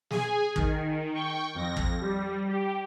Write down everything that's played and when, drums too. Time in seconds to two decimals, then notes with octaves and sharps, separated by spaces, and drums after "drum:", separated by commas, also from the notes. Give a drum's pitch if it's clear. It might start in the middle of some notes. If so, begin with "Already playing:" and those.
0.11 G#4 G#5, drum: snare
0.56 D#3, drum: kick
1.15 G5 C#6
1.55 F2 A#6
1.77 drum: kick
2.01 G3
2.49 G4